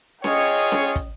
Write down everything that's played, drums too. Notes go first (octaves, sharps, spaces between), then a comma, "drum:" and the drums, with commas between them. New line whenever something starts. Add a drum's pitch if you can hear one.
F4 G#4 C#5 D#5 G5, drum: snare C#4
drum: hi-hat
drum: snare C#4
drum: kick, hi-hat